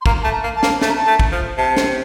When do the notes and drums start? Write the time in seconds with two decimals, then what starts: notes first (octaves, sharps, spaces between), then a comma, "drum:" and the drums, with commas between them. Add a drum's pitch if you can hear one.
0.01 C6
0.06 A#3 A#5, drum: kick
0.23 A3 A5
0.31 A#5
0.44 A#3
0.56 A5
0.63 A#3, drum: snare
0.81 A3 A5, drum: snare
0.89 A#5
0.96 A5
1.07 A3
1.20 drum: kick
1.32 F3
1.58 C3 A5
1.77 drum: snare